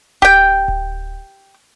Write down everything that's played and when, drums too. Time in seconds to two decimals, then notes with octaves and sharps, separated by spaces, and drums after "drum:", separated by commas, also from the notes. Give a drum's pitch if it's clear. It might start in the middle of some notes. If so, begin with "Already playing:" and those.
0.22 G4 G5, drum: kick D1
0.68 drum: kick D1